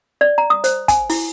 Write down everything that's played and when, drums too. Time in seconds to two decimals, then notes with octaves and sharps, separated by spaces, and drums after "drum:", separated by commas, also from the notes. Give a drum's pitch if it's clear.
0.21 D5
0.38 A#5
0.50 D#6
0.64 C5, drum: hi-hat
0.88 G#5, drum: kick, hi-hat
1.10 E4, drum: open hi-hat